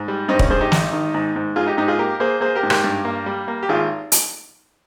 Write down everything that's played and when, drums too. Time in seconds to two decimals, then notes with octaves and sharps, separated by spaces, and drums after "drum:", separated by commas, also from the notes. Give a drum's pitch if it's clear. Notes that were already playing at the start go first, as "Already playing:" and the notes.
Already playing: G#2
0.08 G3
0.28 G2 C4 D#4
0.39 C#4, drum: kick
0.50 G2 G#4 C5
0.61 D#4 G4
0.72 G#1, drum: snare
0.93 D#3
1.14 G#2
1.36 G#2
1.56 G#2 F4 G#4
1.66 D#4 G4
1.77 G#2 D#4 G4
1.88 F4 G#4
1.99 A#3 G4 A#4
2.20 A#3 G#4 C5
2.41 A#3 G#4 C5
2.55 G4 A#4
2.63 G#2
2.70 G4 A#4, drum: rim click
2.84 G2
3.05 A#3
3.26 G3
3.48 A#3
3.63 G4
3.69 G#1 F4 G#4
4.12 drum: hi-hat